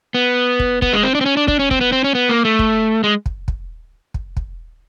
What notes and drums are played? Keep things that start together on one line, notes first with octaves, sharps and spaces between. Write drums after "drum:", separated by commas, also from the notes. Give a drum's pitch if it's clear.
B3
drum: kick
B3, drum: kick
G#3
C4
D4
C4
C#4
D4
D4, drum: kick
C#4
C4, drum: kick
B3
C4
C#4
B3
A#3
A3
drum: kick
G#3
drum: kick
drum: kick
drum: kick
drum: kick